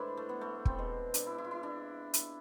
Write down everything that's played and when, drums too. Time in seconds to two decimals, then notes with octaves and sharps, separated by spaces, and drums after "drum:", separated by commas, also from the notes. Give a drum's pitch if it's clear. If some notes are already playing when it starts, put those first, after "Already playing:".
Already playing: A2 E3 G#3 D4 E4 C5 D5
0.17 A3
0.29 B3
0.41 A3
0.65 C4, drum: kick
0.78 B2 G#3
1.14 D4, drum: hi-hat
1.26 E4
1.38 E4
1.44 F4
1.51 E4
1.63 D4
2.14 drum: hi-hat